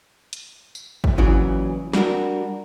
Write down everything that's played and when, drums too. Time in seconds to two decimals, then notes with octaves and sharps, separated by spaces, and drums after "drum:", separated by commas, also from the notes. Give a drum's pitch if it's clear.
0.33 drum: hi-hat
0.75 drum: tambourine
1.04 drum: kick
1.18 A#2 C#3 E3 F#3
1.93 G3 D4 F#4 A#4, drum: snare